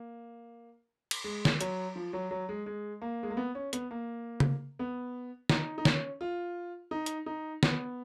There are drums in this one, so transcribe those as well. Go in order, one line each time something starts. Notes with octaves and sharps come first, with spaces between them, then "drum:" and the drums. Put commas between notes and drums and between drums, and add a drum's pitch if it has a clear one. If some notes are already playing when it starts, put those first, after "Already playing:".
Already playing: A#3
drum: cymbal
G#3
drum: snare
F#3, drum: hi-hat
F3
F#3
F#3
G#3
G#3
A#3
G#3
A#3
B3
C#4
B3, drum: hi-hat
A#3
drum: tom C#3
B3
D#4, drum: snare
D#4
C#4, drum: snare
F4
D#4
drum: hi-hat
D#4
B3, drum: snare